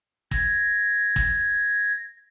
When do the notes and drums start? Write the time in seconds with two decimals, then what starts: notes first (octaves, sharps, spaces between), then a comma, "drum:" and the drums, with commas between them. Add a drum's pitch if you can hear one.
0.31 G#6 A#6, drum: kick
1.16 drum: kick